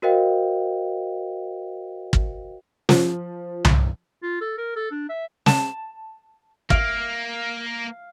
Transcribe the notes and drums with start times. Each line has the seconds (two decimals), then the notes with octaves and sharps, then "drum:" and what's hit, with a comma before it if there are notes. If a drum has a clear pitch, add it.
0.02 F#4 A#4 C5 D#5 F5 G5
2.13 drum: kick
2.89 F3, drum: snare
3.65 drum: tom C2
4.23 F4
4.41 A4
4.58 A#4
4.76 A4
4.91 D4
5.09 E5
5.46 A5, drum: snare
6.70 A#3 F5, drum: kick